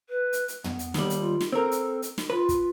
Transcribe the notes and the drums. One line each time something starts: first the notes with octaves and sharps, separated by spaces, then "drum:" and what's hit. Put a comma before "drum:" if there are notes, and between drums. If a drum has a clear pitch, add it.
B4
drum: hi-hat
drum: hi-hat
B3, drum: tom
drum: hi-hat
D#2 G3, drum: snare
drum: hi-hat
F4
drum: snare
C4 A4 A#4
drum: hi-hat
drum: hi-hat
drum: snare
F4 B4
drum: kick, hi-hat